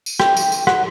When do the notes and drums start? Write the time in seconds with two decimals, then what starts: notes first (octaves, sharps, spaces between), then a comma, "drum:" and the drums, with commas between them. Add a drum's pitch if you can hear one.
0.06 drum: tambourine
0.20 G5, drum: rim click
0.37 drum: tambourine
0.52 drum: tambourine
0.67 F#5, drum: rim click